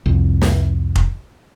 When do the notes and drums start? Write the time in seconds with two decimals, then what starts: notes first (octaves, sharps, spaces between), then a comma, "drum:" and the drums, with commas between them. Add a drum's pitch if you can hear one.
0.06 C2 F2
0.42 drum: snare
0.95 drum: kick F1